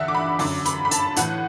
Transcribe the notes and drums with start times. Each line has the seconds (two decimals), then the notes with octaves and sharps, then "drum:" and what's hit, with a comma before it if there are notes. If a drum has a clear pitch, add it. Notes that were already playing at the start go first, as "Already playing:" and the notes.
Already playing: E2 D3 E5 F#5
0.08 D6
0.15 B5
0.39 F#2 D3 D6, drum: open hi-hat
0.66 B5, drum: hi-hat
0.85 B5
0.91 A5, drum: hi-hat
1.16 A2 E3 F#5, drum: hi-hat